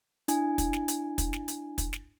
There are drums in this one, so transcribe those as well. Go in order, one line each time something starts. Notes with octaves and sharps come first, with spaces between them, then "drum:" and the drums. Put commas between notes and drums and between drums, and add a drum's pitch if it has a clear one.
D4 E4 G#5, drum: hi-hat
drum: kick, hi-hat
drum: snare
drum: hi-hat
drum: kick, hi-hat
drum: snare
drum: hi-hat
drum: kick, hi-hat
drum: snare